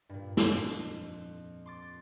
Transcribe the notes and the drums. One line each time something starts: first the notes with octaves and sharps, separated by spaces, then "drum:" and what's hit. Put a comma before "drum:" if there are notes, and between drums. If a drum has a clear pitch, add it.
G2 A#2
drum: snare
F2
C6 D6 A6